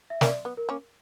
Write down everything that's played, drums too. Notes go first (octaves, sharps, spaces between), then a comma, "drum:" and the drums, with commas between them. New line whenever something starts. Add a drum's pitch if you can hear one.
E5
A#3 C#4 D5, drum: snare
B3
A#4
A#3 C#4